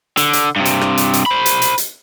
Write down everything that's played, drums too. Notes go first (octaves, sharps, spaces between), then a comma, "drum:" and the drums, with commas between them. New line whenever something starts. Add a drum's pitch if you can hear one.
D3, drum: hi-hat
drum: hi-hat
G2 C3
drum: hi-hat
drum: rim click
drum: hi-hat
drum: hi-hat
C5 B5
drum: hi-hat
drum: hi-hat
drum: hi-hat